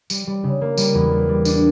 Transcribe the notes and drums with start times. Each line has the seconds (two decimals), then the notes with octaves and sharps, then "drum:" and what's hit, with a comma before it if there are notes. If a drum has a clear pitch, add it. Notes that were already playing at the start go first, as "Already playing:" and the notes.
0.10 G3, drum: tambourine
0.27 G3
0.44 C#3
0.61 A#3
0.78 G3, drum: tambourine
0.95 E2
1.12 G3
1.29 G3
1.45 D4, drum: tambourine